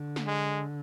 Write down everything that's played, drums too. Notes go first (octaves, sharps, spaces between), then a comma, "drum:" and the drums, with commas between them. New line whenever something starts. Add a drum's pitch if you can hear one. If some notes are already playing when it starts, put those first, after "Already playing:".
Already playing: D3
drum: snare
G#3